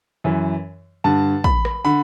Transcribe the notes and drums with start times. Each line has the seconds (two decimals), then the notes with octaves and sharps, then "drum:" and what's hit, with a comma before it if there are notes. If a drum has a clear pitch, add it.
0.24 F#2 E3
1.04 G2 D3 A5
1.44 B5, drum: kick
1.65 drum: rim click
1.85 D3 B5